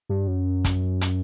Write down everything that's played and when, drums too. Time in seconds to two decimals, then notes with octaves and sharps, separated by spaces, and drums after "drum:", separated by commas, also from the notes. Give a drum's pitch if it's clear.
0.09 G2
0.27 F#2
0.64 drum: kick, hi-hat
1.01 drum: hi-hat